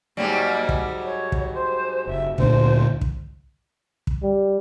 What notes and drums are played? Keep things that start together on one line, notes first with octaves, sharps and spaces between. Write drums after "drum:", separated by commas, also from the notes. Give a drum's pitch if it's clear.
G#2 F#3 G3 A#3
drum: kick
C#5
drum: kick
C5
F#1 E5
D2 A#2 D3 C5, drum: kick
drum: kick
drum: kick
G3